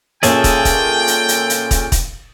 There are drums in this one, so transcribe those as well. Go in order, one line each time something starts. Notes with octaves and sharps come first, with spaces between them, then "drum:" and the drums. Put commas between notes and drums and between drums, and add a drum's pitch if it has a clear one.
A#2 C#4 G#4 A4 E5 G5, drum: hi-hat
drum: kick, hi-hat
drum: kick, hi-hat
drum: hi-hat
drum: hi-hat
drum: hi-hat
drum: kick, hi-hat
drum: kick, hi-hat